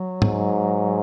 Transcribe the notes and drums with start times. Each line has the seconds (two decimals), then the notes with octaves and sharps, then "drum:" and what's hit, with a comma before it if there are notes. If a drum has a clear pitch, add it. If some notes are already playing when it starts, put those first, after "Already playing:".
Already playing: F#3
0.22 G#2, drum: tom